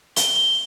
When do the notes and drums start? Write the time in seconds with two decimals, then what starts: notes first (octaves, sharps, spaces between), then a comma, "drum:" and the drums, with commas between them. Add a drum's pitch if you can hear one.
0.16 G7, drum: hi-hat
0.36 G7